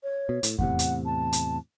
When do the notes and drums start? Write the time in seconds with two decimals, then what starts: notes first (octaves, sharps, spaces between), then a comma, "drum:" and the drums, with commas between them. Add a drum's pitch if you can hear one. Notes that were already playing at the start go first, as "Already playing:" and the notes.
0.03 C#5
0.29 B2
0.43 A2, drum: hi-hat
0.59 E2 A2 C3 F#5, drum: kick F2
0.79 drum: hi-hat
1.06 A5
1.33 drum: hi-hat